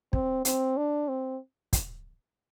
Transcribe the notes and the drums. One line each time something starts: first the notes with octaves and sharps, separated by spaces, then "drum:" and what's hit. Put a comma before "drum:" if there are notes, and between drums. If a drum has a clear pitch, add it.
C4, drum: kick
C4, drum: hi-hat
D4
C4
drum: kick, hi-hat